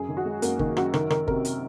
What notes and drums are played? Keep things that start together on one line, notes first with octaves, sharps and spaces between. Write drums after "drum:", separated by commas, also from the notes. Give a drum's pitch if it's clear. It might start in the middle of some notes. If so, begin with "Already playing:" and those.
Already playing: F#2 G#4
D#3
F#4
G#3
F#2 A#3, drum: hi-hat
D#3 A#3, drum: kick G1
F#2 F#4, drum: rim click
D#3 A#4, drum: rim click
D#3 A#4, drum: rim click
C3 A#4, drum: kick G1
drum: hi-hat